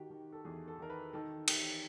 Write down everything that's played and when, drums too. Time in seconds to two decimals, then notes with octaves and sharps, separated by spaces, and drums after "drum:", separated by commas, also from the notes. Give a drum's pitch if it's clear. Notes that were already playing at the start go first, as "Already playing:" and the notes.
Already playing: D#3 F#4 G4
0.10 D#3
0.32 A4
0.45 E2 G#4
0.68 A4
0.79 D#3 A#4
0.90 B4
1.13 D#3 A4
1.48 D#3 G4, drum: cymbal